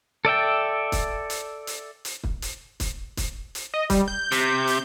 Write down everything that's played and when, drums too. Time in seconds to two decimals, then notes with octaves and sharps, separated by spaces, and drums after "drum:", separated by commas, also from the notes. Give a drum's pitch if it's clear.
0.25 A4 D5 E5 G5
0.92 drum: kick, hi-hat
1.30 drum: hi-hat
1.67 drum: hi-hat
2.05 drum: hi-hat
2.24 drum: kick
2.42 drum: hi-hat
2.80 drum: kick, hi-hat
3.17 drum: kick, hi-hat
3.55 drum: hi-hat
3.74 D#5
3.90 G3, drum: kick, hi-hat
4.08 G6
4.32 C3, drum: hi-hat
4.67 drum: hi-hat